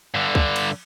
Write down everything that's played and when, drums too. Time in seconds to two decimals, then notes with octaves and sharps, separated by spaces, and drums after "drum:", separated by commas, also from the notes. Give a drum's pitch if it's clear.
0.14 G2 D3
0.35 drum: kick C#2
0.56 drum: cymbal